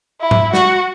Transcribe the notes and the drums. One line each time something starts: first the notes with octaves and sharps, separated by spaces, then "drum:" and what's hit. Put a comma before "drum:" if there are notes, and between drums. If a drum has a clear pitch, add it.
E4
drum: tom G#2
F#4, drum: snare